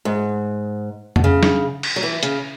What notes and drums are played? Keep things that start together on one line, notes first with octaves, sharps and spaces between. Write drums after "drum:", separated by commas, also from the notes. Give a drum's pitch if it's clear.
G#2
B2, drum: tom F2
C#3
drum: snare D4
drum: cymbal
F#3
E3
C#3, drum: hi-hat